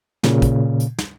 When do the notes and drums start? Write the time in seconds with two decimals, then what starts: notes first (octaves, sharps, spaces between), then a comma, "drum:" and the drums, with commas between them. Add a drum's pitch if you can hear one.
0.23 A#2 C#3, drum: snare
0.42 drum: kick, hi-hat
0.80 drum: hi-hat
0.99 drum: snare